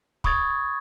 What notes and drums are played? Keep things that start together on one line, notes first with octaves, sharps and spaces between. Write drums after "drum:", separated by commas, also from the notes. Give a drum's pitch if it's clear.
B5 C#6 D#6 G#6 A6, drum: kick